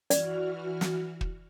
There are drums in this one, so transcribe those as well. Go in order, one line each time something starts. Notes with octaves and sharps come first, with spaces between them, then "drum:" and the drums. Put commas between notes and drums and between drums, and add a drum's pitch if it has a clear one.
E3 F#4 D5 F6, drum: hi-hat
drum: snare
drum: kick